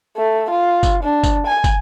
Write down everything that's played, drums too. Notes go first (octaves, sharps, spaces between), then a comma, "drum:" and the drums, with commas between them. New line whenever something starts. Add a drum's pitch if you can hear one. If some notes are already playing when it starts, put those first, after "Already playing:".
A3
F4
drum: kick, tambourine
D4
drum: kick, tambourine
G#5
drum: kick, tambourine